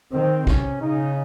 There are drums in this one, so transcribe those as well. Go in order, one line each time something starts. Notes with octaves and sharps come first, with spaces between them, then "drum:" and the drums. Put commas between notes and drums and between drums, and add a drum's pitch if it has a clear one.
D#3 C4
C3 C#4, drum: kick
C#3 D#4